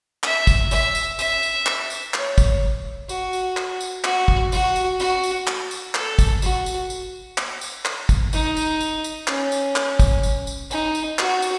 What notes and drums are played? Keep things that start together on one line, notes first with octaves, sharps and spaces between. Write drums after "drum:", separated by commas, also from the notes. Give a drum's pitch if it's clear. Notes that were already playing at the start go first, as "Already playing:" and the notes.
E5, drum: clap
drum: kick, tambourine
E5, drum: tambourine
drum: tambourine
E5, drum: tambourine
drum: tambourine
drum: clap
drum: tambourine
C#5, drum: clap
drum: kick, tambourine
F#4, drum: tambourine
drum: tambourine
drum: clap
drum: tambourine
F#4, drum: clap
drum: kick
F#4, drum: tambourine
drum: tambourine
F#4, drum: tambourine
drum: tambourine
drum: clap
drum: tambourine
A4, drum: clap
drum: kick, tambourine
F#4, drum: tambourine
drum: tambourine
drum: tambourine
drum: clap
drum: tambourine
drum: clap
drum: kick, tambourine
D#4, drum: tambourine
drum: tambourine
drum: tambourine
drum: tambourine
C#4, drum: clap
drum: tambourine
drum: clap
drum: kick, tambourine
drum: tambourine
drum: tambourine
D#4, drum: tambourine
drum: tambourine
F#4, drum: clap
drum: tambourine